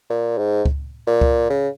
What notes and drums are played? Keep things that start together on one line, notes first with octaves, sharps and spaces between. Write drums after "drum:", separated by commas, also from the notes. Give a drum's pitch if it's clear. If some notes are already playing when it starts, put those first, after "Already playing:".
A#2
G#2
drum: kick C#2
A#2
drum: kick C#2
C#3